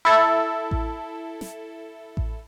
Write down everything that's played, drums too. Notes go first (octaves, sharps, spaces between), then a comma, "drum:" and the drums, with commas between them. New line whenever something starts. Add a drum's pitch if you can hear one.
E4 A4
drum: kick A1
drum: snare
drum: kick A1